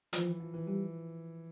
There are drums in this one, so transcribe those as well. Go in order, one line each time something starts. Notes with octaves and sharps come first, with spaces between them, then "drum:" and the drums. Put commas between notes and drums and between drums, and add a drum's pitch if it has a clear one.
E3 F3, drum: hi-hat
E3
F3
E3
E3 G3